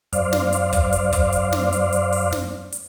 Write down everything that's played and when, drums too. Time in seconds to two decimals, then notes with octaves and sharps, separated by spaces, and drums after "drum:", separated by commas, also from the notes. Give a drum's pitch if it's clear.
0.13 F#2 C5 D5 F5, drum: hi-hat
0.33 drum: snare
0.53 drum: hi-hat
0.73 drum: kick, hi-hat
0.93 drum: hi-hat
1.13 drum: kick, hi-hat
1.33 drum: hi-hat
1.52 drum: snare
1.72 drum: hi-hat
1.92 drum: hi-hat
2.12 drum: open hi-hat
2.32 drum: snare
2.72 drum: hi-hat